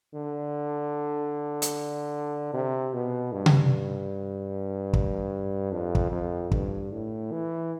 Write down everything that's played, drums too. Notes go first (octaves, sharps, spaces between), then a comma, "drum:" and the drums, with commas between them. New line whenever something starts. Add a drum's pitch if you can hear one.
D3
drum: hi-hat
C3
B2
G2
drum: tom C3
drum: kick
F2
drum: kick
F2
G2, drum: kick
A2
E3